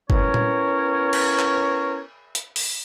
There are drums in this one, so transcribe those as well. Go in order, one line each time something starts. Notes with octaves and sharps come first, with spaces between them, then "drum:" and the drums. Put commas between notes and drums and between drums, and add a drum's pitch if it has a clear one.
B3 C#4 E4 A#4 C#5, drum: kick
drum: tom
drum: cymbal
drum: clap
drum: hi-hat
drum: open hi-hat